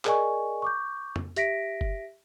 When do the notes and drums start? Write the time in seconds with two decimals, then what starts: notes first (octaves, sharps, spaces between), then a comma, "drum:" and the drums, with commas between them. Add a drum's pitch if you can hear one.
0.05 G#4 A#4 D5 D#5 G#5 C#6, drum: clap
0.62 C#6 D6 G6
1.16 drum: tom F2
1.36 G4 E5 A#6 B6 D7, drum: hi-hat
1.81 drum: kick F#1